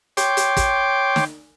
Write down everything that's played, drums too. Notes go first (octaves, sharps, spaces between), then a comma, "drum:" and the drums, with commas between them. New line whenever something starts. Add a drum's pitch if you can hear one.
C#5 G5 C6 D6, drum: hi-hat
drum: hi-hat
drum: kick, hi-hat
drum: snare